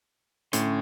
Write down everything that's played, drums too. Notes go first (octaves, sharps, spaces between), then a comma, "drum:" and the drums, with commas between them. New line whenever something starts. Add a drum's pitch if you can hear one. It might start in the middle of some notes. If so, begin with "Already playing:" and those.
A2 D3 C#4 C6, drum: hi-hat